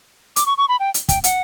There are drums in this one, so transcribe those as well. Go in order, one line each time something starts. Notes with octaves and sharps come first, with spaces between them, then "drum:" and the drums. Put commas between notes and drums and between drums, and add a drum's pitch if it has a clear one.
D6, drum: hi-hat
C#6
C#6
B5
G5
drum: hi-hat
G5, drum: kick, hi-hat
F#5, drum: hi-hat